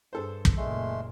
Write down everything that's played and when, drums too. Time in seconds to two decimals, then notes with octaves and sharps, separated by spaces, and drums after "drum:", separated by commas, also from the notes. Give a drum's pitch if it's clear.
0.13 G2 G#4 A4 C5
0.45 drum: kick
0.57 F#1 A#2 G#3 A3 C6